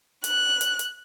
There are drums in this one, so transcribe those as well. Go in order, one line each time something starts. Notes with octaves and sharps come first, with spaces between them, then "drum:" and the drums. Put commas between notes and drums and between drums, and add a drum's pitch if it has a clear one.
F#6, drum: hi-hat
drum: hi-hat
drum: hi-hat